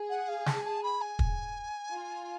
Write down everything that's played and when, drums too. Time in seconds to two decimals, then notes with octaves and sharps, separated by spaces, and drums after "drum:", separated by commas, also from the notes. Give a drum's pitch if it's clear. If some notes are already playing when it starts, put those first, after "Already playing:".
Already playing: G#4
0.09 F#5
0.28 F5
0.46 A5, drum: snare
0.64 A5
0.83 B5
1.01 G#5
1.19 drum: kick
1.93 F4